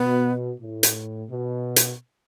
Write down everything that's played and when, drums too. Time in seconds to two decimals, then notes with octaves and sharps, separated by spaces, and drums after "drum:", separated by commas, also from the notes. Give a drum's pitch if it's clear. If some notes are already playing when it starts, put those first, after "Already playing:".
Already playing: B2 B3
0.60 A2
0.83 drum: hi-hat
1.30 B2
1.76 drum: hi-hat